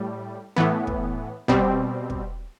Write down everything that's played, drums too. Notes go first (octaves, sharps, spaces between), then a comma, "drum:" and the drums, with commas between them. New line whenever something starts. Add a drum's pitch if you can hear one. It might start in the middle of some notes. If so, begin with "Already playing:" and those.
Already playing: A2 G3
A2 E3 B3
drum: kick
B2 G3 C4, drum: kick
drum: kick